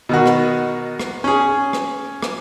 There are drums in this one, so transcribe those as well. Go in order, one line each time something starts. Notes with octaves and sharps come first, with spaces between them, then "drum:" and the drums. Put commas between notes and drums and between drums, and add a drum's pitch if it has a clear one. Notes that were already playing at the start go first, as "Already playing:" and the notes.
B2 D#3 F#4
drum: rim click
drum: rim click
C#4 G#4
drum: rim click
drum: rim click